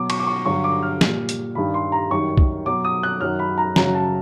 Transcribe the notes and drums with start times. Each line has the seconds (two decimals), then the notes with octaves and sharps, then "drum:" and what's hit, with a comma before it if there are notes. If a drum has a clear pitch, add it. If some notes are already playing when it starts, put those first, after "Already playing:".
Already playing: B2 F#3 D6
0.10 C#6, drum: cymbal
0.19 D6
0.27 C#6
0.46 G2 D3 F#3 C#6
0.64 D6
0.83 F6
1.01 A#2 G3, drum: snare
1.29 drum: hi-hat
1.55 G2 D#3 G3 B5
1.74 C6
1.92 A#5
2.11 F#2 D#3 G3 C#6
2.38 drum: kick
2.66 B2 F#3 D6
2.84 D#6
3.03 F#6
3.21 F#2 D#3 F#3 F6
3.39 B5
3.58 A#5
3.76 F#2 C#3 F#3 A#5, drum: snare
3.94 A5